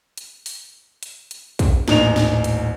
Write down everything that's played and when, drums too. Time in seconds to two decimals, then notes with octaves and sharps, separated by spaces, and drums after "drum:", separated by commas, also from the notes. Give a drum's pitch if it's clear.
0.18 drum: hi-hat
0.46 drum: open hi-hat
1.03 drum: hi-hat
1.31 drum: hi-hat
1.59 drum: kick, hi-hat
1.88 D#1 A1 D#4 F7, drum: snare
2.16 drum: snare
2.44 drum: hi-hat